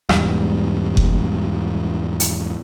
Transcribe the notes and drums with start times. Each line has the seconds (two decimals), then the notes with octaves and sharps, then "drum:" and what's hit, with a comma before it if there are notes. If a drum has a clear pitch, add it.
0.09 E1 E2 G#2 G3, drum: rim click
0.97 drum: kick F#1
2.20 drum: hi-hat